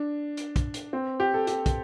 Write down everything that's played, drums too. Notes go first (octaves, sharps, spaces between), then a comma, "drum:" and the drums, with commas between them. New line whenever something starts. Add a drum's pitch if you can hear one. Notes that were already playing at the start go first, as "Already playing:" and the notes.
Already playing: D4
drum: hi-hat
drum: kick, hi-hat
drum: hi-hat
C4
G4
A4
G4, drum: hi-hat
drum: kick, hi-hat